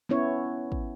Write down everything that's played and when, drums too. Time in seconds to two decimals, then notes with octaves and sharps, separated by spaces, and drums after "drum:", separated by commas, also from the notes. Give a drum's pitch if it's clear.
0.09 B3 C#4 E4 C#5
0.72 drum: kick